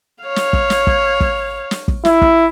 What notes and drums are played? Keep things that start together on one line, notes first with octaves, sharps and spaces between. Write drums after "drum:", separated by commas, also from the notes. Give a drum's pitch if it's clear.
C#5 F5
drum: snare
drum: kick
drum: snare
drum: kick
drum: kick
drum: snare
drum: kick
E4, drum: snare
drum: kick